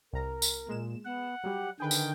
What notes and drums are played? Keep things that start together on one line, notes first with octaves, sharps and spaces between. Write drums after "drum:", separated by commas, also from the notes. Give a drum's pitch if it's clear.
C2 A#4 A#5
drum: tambourine
A#2 G#3 E7
B3 F#5
F#3 G3 G4
D3 D#3 G#4 B4 G5
drum: tambourine